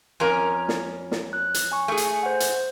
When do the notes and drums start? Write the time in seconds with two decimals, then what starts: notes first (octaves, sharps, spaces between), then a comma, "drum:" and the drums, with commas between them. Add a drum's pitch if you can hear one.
0.20 F2 C#4 A#4
0.69 drum: snare
1.11 drum: snare
1.33 F#6
1.54 drum: hi-hat
1.72 G#5 C#6
1.88 A3 G#4
1.97 drum: hi-hat
2.23 C5 F#5
2.40 drum: hi-hat